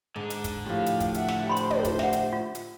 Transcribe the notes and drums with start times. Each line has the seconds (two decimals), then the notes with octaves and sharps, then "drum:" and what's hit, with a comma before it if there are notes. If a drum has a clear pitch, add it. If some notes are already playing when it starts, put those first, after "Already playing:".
0.16 G#2 D3
0.30 drum: hi-hat
0.44 drum: kick, hi-hat
0.66 A2 F3 G4 F5
0.86 drum: hi-hat
1.00 drum: kick, hi-hat
1.14 E5 F#5, drum: hi-hat
1.28 drum: snare
1.47 G4 C5 G5 B5 C6
1.56 drum: hi-hat
1.71 drum: tom
1.85 drum: kick, hi-hat
1.99 E5 F#5, drum: snare
2.13 drum: hi-hat
2.33 F4
2.55 drum: hi-hat